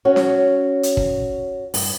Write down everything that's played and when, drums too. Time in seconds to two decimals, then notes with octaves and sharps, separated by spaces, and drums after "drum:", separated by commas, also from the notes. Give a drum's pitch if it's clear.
0.05 C#4 F#4 C#5
0.16 drum: snare C#4
0.83 drum: hi-hat
0.97 drum: kick
1.74 G2, drum: open hi-hat